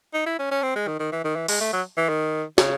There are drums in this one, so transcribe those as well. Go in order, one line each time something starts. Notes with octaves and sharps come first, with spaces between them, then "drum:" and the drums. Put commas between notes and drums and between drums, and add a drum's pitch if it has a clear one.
D#4
E4
C#4
C#4
C4
G#3
D#3
D#3
E3
D#3
E3
G#3, drum: open hi-hat
A3
F#3
E3
D#3
C#3, drum: snare